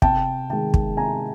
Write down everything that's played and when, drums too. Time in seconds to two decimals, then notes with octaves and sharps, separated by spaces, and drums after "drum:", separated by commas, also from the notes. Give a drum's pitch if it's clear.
0.02 C3 G5 A5, drum: kick
0.50 D#3 G#3 G5 A5
0.74 drum: kick
0.97 C3 G#5 A#5